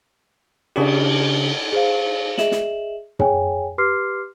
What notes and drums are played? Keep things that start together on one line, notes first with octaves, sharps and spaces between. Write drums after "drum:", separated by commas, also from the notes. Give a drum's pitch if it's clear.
C#3 D4 G4, drum: cymbal
G#4 C5 F5
G#4 D#5 E5 E7 F#7, drum: snare
drum: snare
G#4 C#5 G5 G#5, drum: tom
G4 B4 C6 D6 F6 C7